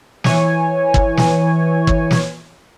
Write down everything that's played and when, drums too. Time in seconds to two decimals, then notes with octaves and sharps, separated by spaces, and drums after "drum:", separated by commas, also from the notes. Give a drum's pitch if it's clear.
0.24 E3 C#5 G#5, drum: snare
0.94 drum: kick
1.17 drum: snare
1.87 drum: kick
2.11 drum: snare